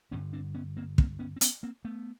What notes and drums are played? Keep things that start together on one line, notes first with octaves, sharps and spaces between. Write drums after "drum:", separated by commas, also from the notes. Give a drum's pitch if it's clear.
A1 G2 D3 B3 C#4
C4 D4
B3 C#4
A#3 C4
A#3 C4, drum: kick
B3 C#4
C4
B3 C#4, drum: hi-hat
A#3 C4
A3 B3